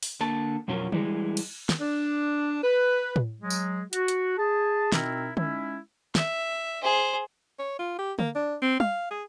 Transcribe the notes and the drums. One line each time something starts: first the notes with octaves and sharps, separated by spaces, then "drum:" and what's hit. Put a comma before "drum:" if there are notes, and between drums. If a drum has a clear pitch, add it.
drum: open hi-hat
D3 A#3 A5
F2 B2 F#3 C#4 F4 A#4
E3 G3 G#3, drum: tom
drum: cymbal
drum: snare
D4
B4
drum: tom A2
F#3 G#3
drum: tambourine
F#4, drum: hi-hat
drum: hi-hat
G#4 A5
B2 C4 D#4 E4 A#4, drum: snare
G#3 C#4 D#4 E4, drum: tom
E5, drum: snare
G#4 C5
C#5
F4
G4
A#3, drum: tom
D4
C4
F5, drum: tom
G#4